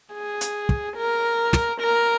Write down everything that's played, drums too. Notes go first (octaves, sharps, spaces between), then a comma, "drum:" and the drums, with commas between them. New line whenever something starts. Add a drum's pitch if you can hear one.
G#4
drum: hi-hat
drum: kick
A#4
drum: snare
A#4